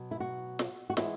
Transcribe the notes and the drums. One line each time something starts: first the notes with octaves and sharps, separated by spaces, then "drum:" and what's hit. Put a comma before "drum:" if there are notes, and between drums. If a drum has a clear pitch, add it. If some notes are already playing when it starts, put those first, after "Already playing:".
Already playing: B2 F#3
E4
F#4
drum: snare
F#4
E3 G#3 B3 E4, drum: snare